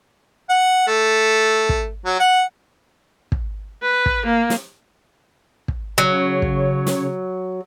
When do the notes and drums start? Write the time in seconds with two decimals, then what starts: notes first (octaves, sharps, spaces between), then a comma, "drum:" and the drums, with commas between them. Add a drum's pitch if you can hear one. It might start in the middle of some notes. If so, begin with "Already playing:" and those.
0.49 F#5
0.87 A3
1.69 drum: kick
2.05 F#3
2.20 F#5
3.32 drum: kick
3.83 B4
4.06 drum: kick
4.25 A#3
4.50 drum: snare
5.68 drum: kick
5.98 C#3 F#3 C#5
6.42 drum: kick
6.87 drum: snare